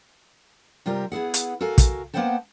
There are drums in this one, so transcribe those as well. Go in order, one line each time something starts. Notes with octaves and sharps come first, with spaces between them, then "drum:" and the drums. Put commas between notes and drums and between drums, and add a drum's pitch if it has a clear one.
C3 G3 F4 G4 A#4
B3 E4 G#4 F#5
drum: hi-hat
F#4 A4 A#4 F5 G#5
drum: kick, hi-hat
A#3 B3 C5 F#5 G5 A5